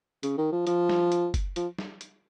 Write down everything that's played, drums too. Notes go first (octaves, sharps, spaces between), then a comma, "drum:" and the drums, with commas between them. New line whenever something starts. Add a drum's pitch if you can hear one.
C#3, drum: hi-hat
D#3
F3
F3, drum: hi-hat
drum: snare
drum: hi-hat
drum: kick F#1, hi-hat
F3, drum: hi-hat
drum: snare
drum: hi-hat